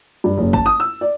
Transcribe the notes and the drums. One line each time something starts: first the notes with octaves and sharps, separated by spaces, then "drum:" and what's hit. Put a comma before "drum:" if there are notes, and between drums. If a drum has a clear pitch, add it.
G2
F#1
A5, drum: kick G#1
D#6
E6
D5